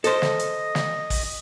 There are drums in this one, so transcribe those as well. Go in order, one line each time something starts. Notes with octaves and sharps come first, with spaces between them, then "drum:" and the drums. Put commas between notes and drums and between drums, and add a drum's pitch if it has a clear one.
A4 C5 D#5, drum: hi-hat
drum: snare
drum: hi-hat
drum: snare
drum: kick, open hi-hat